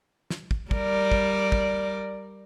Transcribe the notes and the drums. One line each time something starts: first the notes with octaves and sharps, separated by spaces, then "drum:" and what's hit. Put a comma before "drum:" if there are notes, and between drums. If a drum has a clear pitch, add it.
drum: snare
drum: kick
G3 A#4 D5, drum: kick
drum: kick
drum: kick